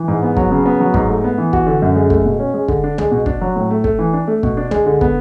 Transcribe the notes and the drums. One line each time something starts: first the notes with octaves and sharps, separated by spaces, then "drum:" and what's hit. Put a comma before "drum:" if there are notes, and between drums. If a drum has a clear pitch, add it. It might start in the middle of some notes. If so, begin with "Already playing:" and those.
Already playing: E3
G#2
B3
F#3, drum: kick
C#3
B3
F#3
G#2, drum: kick
A3
B3
E3
F#4, drum: kick
D3
F#2
G#3
A3, drum: kick
B2
C#4
G#3
D3, drum: kick
D4
G#3, drum: tom
B2
D4, drum: kick
F#3
A2
A3
A3, drum: kick
E3
D4
A3
B2, drum: kick
D4
G#3, drum: tom
D3
B3, drum: kick